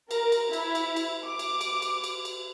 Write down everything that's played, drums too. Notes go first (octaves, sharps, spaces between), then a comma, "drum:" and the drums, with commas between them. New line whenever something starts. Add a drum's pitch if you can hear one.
A#4, drum: cymbal
drum: cymbal
E4, drum: cymbal
drum: cymbal
drum: cymbal
D6
drum: cymbal
drum: cymbal
drum: cymbal
drum: cymbal
drum: cymbal